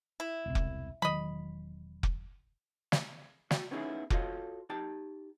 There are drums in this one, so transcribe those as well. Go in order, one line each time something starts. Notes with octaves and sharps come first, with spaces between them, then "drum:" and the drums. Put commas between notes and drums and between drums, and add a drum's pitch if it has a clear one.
E4
E1 C2
drum: kick F1
E1 D#3 F#3 D#5 B5
drum: kick F1
drum: snare
F#4 D5 G5, drum: snare
B3 C#4 D#4 E4 G#4
F4 F#4 A4 C#5 D#5 F5, drum: kick F1
D#4 G4 G5 A5